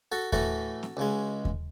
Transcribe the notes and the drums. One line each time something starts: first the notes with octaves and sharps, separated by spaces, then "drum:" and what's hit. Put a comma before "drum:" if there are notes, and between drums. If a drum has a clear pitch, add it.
F#4 A4
A2 E3 A3 F#4 A4, drum: kick D#2
drum: snare C4
C#2 C#3 G#3
drum: kick D#2